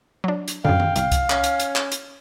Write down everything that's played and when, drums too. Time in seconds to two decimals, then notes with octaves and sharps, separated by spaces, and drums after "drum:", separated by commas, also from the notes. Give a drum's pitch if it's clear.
0.24 F#3 D4
0.48 drum: hi-hat
0.65 F#2 D3 F5 G5, drum: tom
0.80 drum: tom D#3
0.96 C2 F5, drum: hi-hat
1.12 drum: kick C2, hi-hat
1.30 C#4, drum: clap
1.44 drum: hi-hat
1.60 drum: hi-hat
1.76 drum: clap
1.92 drum: hi-hat